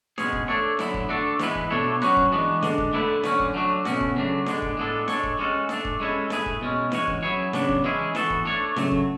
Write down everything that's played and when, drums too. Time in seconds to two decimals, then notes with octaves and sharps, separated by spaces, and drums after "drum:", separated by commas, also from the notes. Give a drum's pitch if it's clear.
0.18 B2 G#3 C#4 G#4 C#5, drum: snare D4
0.33 drum: kick
0.48 A3 D4 A4 C#5
0.79 D3 F#3 B3 E4, drum: snare D4
0.94 drum: kick
1.09 D3 A3 D4 F#4 A4
1.39 E3 G#3 B3 E4 B4, drum: snare D4
1.55 drum: kick
1.70 B2 A3 D4 A4 C#5
2.02 F#3 C#4 F#4 B4, drum: snare D4
2.17 drum: kick
2.32 E3 G#3 B3 D4 F#4
2.63 D3 G#3 D4, drum: snare D4
2.78 drum: kick
2.93 D3 A3 E4 B4
3.24 D3 F#3 C#4 F#4, drum: snare D4
3.39 drum: kick
3.54 F#3 A3 D4 F#4
3.85 B2 A3 C#4 F#4, drum: snare D4
4.01 drum: kick
4.16 C#3 F#3 A3 D4
4.46 D3 G#3 B3 D4, drum: snare D4
4.62 drum: kick
4.77 A2 G#3 B3 D4 A4
5.08 G#3 D4 A4 C#5, drum: snare D4
5.23 drum: kick
5.39 G#3 C#4 F#4 A4
5.69 A3 D4 A4, drum: snare D4
5.85 drum: kick
6.00 G#3 C#4 E4 A4 C#5
6.30 A3 E4 G#4 B4, drum: snare D4
6.46 drum: kick
6.61 B2 G#3 C#4
6.92 E3 G#3 C#4 F#4 C#5, drum: snare D4
7.07 drum: kick
7.23 F#3 C#4 E4 G#4 C#5
7.53 C#3 F#3 B3 D4, drum: snare D4
7.69 drum: kick
7.84 E3 G#3 C#4 E4 G#4
8.15 E3 B3 F#4 A4, drum: snare D4
8.30 drum: kick
8.45 A3 D4 A4 C#5
8.76 C#3 F#3 A3, drum: snare D4
8.91 drum: kick